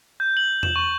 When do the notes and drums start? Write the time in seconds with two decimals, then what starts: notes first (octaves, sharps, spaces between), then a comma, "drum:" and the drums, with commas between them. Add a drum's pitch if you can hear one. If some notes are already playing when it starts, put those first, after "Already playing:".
0.20 G6
0.37 F#7
0.63 E7, drum: tom E2
0.76 C#6